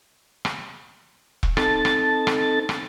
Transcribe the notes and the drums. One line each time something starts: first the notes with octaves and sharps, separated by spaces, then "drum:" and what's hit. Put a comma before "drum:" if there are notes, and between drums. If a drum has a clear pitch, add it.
drum: rim click
drum: kick E1
C4 D#4 A4 A5 A6, drum: rim click
drum: rim click
drum: rim click
drum: rim click